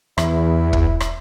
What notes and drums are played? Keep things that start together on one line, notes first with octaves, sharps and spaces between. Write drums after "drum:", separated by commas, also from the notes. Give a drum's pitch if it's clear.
E2 E4, drum: rim click
drum: kick
drum: rim click